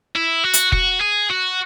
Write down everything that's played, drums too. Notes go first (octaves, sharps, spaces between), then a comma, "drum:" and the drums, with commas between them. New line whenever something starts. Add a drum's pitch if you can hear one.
E4
F#4
drum: hi-hat
F#4, drum: kick
G#4
F#4